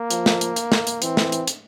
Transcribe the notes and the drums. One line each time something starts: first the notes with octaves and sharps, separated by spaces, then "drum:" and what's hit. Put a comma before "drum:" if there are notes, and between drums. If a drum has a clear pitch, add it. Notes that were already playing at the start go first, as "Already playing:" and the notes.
Already playing: A#3
F3, drum: hi-hat
drum: snare
drum: hi-hat
drum: hi-hat
drum: snare
drum: hi-hat
E3 C4, drum: hi-hat
drum: snare
drum: hi-hat
drum: hi-hat